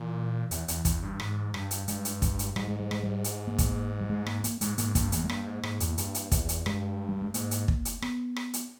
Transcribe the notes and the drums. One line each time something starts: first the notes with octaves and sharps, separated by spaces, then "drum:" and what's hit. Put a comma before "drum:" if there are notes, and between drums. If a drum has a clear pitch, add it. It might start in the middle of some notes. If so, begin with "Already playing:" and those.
Already playing: A#2 E3
E2, drum: hi-hat
E2, drum: hi-hat
E2, drum: kick, hi-hat
G2
G#2, drum: rim click
G2, drum: rim click
drum: hi-hat
G2 G#3, drum: hi-hat
drum: hi-hat
drum: kick, hi-hat
drum: hi-hat
G#2 G3, drum: rim click
G#3
G3
G#3, drum: rim click
G3
drum: hi-hat
A#3
drum: kick, hi-hat
A#3
G3
G#3
A#3, drum: rim click
A#3, drum: hi-hat
G#2 G#3, drum: hi-hat
G#2 A#3, drum: hi-hat
G2 A#3, drum: kick, hi-hat
E2 A#3, drum: hi-hat
G#3
G2 A#3, drum: rim click
G#2
G#2, drum: rim click
E2, drum: hi-hat
G2, drum: hi-hat
drum: hi-hat
E2, drum: kick, hi-hat
drum: hi-hat
G2 G#3, drum: rim click
G3
G#3
G#2 A#3, drum: hi-hat
drum: hi-hat
drum: kick
drum: hi-hat
B3, drum: rim click
drum: rim click
drum: hi-hat